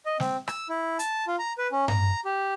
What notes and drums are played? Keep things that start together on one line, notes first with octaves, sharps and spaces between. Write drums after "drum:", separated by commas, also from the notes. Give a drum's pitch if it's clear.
D#5
C4, drum: snare
E6, drum: rim click
E4
A5, drum: hi-hat
F4
A#5
B4
C#4
A#5, drum: tom G2
G4